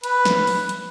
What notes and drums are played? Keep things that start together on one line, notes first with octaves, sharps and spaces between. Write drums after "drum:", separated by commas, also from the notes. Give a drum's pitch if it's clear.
B4, drum: hi-hat
drum: snare
drum: open hi-hat
drum: hi-hat